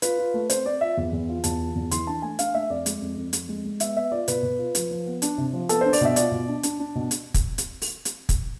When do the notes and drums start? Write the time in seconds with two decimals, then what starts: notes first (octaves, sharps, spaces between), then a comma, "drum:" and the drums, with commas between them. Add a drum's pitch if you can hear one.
0.02 F4 B4, drum: hi-hat
0.18 F4
0.34 A3
0.50 C4 C5, drum: hi-hat
0.65 C4 D5
0.81 F4 E5
0.97 E2
1.13 E2
1.29 F4
1.44 E2 A5, drum: hi-hat
1.60 F4
1.75 E2
1.91 E3 C6, drum: hi-hat
2.07 D4 A5
2.22 A3 G#5
2.39 D4 F5, drum: hi-hat
2.54 A3 E5
2.70 F2 D5
2.86 G#3, drum: hi-hat
3.02 F2
3.17 F2
3.33 F2, drum: hi-hat
3.49 G#3
3.65 G#3
3.80 B3 E5, drum: hi-hat
3.96 B3 E5
4.12 F4 D5
4.28 B2 B4, drum: hi-hat
4.43 B2
4.58 F4
4.75 F3, drum: hi-hat
4.91 F3
5.06 B3
5.22 D4, drum: hi-hat
5.38 C3
5.53 F3
5.69 B3 A4, drum: hi-hat
5.81 D4 C5
5.93 D5, drum: open hi-hat
6.01 B2 E5
6.16 F4 D5, drum: hi-hat
6.32 B2
6.48 D4
6.63 D4, drum: hi-hat
6.80 D4
6.95 B2
7.11 drum: hi-hat
7.34 drum: kick, hi-hat
7.58 drum: hi-hat
7.82 drum: open hi-hat
8.05 drum: hi-hat
8.29 drum: kick, hi-hat